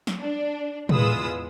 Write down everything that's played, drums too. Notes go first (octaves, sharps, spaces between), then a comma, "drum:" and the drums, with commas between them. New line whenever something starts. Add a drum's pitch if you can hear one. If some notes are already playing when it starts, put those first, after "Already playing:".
drum: snare
D4
E2 G#3 F4 B4 D#6 E6, drum: tom